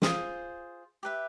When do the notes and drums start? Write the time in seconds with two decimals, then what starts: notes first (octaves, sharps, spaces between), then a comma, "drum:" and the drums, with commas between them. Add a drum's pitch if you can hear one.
0.02 F4 G#4 C5, drum: snare
1.03 G4 B4 E5